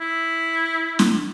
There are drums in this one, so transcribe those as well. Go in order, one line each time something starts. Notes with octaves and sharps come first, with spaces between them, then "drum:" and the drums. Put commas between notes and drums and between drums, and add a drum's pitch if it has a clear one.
E4
drum: snare